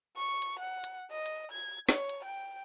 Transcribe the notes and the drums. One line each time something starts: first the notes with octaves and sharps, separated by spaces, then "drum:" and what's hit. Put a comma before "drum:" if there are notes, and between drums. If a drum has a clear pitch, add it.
C#6
drum: hi-hat
F#5
drum: hi-hat
D#5
drum: hi-hat
G#6
C#5, drum: snare
drum: hi-hat
G5